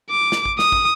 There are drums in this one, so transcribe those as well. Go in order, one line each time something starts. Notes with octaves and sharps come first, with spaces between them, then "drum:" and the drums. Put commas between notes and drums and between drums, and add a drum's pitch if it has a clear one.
D6
drum: snare
drum: kick
D#6, drum: snare
drum: kick